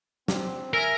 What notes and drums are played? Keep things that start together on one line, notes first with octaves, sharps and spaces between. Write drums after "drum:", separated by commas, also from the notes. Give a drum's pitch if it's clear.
C4, drum: snare
A#4 E5 G#5 F6